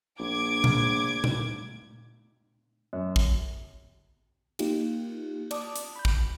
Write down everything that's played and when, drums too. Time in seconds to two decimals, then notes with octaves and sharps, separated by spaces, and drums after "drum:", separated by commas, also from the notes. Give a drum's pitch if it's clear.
0.19 A#1 D6 G#6
0.64 drum: tom A#2
1.24 drum: tom A#2
2.93 F#2
3.16 drum: kick
4.59 A#3 D#4 F4 G4, drum: cymbal
5.51 D5 A5 D6 D#6, drum: cymbal
5.76 drum: hi-hat
5.96 B5 G6
6.05 drum: kick